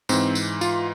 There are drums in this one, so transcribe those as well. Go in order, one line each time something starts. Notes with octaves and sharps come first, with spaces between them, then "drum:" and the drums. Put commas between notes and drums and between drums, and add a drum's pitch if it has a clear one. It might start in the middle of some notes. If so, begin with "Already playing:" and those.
G#2 E3 C4, drum: tambourine
drum: tambourine
F4, drum: tambourine